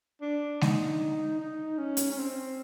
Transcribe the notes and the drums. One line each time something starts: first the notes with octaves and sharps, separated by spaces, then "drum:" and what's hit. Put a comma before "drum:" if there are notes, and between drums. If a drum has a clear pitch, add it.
D4
D#4, drum: snare G#3
D#4
C#4
drum: hi-hat
C#4
C4